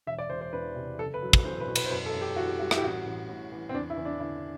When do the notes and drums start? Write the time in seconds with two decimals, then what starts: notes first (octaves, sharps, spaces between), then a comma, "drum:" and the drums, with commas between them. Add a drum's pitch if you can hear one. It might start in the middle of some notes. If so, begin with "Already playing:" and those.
0.07 E1 E5
0.18 D5
0.30 E1 C5
0.41 C5
0.53 E2 B4
0.75 C3
0.98 F#1 A4
1.14 B4
1.22 F#3
1.33 drum: kick
1.45 E2 C5
1.60 B4
1.68 B2
1.76 B4, drum: cymbal
1.86 C5
1.91 F#2 B4
2.06 A4
2.14 F#2
2.21 G4
2.36 E3 F#4
2.48 G4
2.59 G3 F#4
2.71 E4, drum: rim click
2.78 G4
2.82 A1 F#4
3.05 A1
3.28 A2
3.52 E3
3.69 C4
3.74 E2 D4
3.90 E4
3.97 E2
4.05 D4
4.20 D3 E4